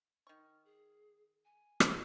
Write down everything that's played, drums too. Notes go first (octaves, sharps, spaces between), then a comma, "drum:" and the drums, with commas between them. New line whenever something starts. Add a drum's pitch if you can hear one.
D#3 C#6 F6
G#4
G#5
drum: rim click